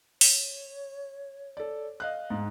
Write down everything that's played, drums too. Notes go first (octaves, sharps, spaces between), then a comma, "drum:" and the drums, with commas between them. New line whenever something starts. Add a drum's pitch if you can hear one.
C#5, drum: open hi-hat
A4 D5
D#5 F5 F#6
G#2 D#4